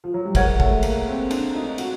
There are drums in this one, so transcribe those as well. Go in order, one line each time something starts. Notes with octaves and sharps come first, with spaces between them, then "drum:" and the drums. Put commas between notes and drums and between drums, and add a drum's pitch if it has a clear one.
F3
F#3
G3
G#3 A#4 C#5 F#5, drum: kick, cymbal
A3, drum: kick
A#3, drum: cymbal
C4
D4, drum: cymbal
D#4
F#4, drum: cymbal